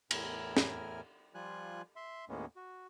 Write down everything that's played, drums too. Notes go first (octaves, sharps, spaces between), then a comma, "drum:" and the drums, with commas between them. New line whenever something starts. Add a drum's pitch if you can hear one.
E2 A2 E4 A#4 G#5 F6, drum: cymbal
drum: snare
F3 G3 F4 G#5 F#6
E5 C6
D#2 A2 G#3 A#3 B3 C#4
F#4